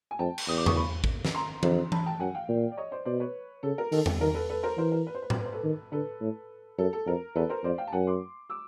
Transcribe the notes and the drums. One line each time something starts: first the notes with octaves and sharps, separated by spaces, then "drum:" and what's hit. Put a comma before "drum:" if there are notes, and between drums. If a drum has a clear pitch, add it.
G#5
F2 G5 A5
drum: cymbal
E2 D#6
D6
C#6 D#6, drum: tom E2
B5 C#6
drum: kick
drum: snare
A#5 C6
F2, drum: tom E3
A5 B5, drum: tom E3
G5 A5
F#2 F#5 G#5
F5 G5
A#2
D5
C#5 D#5
C5 D5
B2 C5 D5
B4 C#5
C#3 A4
A#4
D#3 A4, drum: open hi-hat
drum: tom E2
D#3 A#4
A4 B4
A4 B4
A#4 C5
E3 A#4 C5
A#4
B4
C5
B4
C5, drum: tom A2
B4
C5
A4 B4
D#3
D3 A4 B4
A2
F#2 A4
A4
F2 A#4
E2 A4 B4
A#4 C5
F2 C5 D5
F5 G5
A5
F#2 F#5 G#5
C6 D6
D6 E6